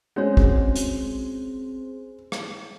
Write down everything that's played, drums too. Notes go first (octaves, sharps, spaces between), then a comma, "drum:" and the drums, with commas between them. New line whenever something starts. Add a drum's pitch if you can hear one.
G#3 C4 C#4 F#4 G#4 C5 C#5
drum: kick
drum: hi-hat
drum: rim click